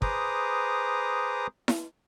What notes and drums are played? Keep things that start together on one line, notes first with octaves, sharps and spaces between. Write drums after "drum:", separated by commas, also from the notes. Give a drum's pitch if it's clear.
G#4 B4 C5 A#5 D6 D#6, drum: kick
drum: snare E4